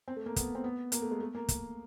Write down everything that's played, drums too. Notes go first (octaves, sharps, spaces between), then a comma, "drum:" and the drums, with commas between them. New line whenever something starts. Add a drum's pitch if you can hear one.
C4
A3
A#3
B3, drum: kick, hi-hat
C4
B3
A#3, drum: hi-hat
A3
G#3
A3
A#3
drum: kick, hi-hat